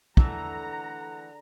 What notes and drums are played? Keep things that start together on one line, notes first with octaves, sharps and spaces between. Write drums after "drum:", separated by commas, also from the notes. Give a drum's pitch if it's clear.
D3 E3 A3 G#4 F#5 A#5, drum: kick